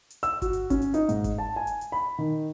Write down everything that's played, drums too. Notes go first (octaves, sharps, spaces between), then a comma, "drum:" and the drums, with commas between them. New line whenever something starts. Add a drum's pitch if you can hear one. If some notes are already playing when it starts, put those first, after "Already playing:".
drum: hi-hat
E6, drum: hi-hat
F#4, drum: kick G1, hi-hat
drum: hi-hat
C#4, drum: kick G1, hi-hat
drum: hi-hat
D#4, drum: hi-hat
G#2, drum: hi-hat
drum: kick G1, hi-hat
A5
G#5
drum: hi-hat
drum: hi-hat
B5
D#3